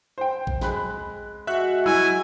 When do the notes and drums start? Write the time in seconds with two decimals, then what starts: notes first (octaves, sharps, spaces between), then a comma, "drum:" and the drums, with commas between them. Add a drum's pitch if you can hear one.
0.18 C5 G5
0.47 drum: kick A#1
0.61 G#3 B5 F#6, drum: snare
1.47 G#3 F#4 E5 F#5 F#6
1.86 E4 G#5 E6, drum: tom F3